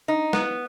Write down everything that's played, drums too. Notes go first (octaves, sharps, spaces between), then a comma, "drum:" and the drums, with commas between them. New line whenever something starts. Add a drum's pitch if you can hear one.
D#4
B3, drum: snare